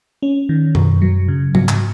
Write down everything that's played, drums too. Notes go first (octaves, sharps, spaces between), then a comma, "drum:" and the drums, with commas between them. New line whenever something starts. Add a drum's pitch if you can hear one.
C#4
D#3
F#2, drum: tom B2
F#3
C#3
F#3, drum: tom G#2
drum: clap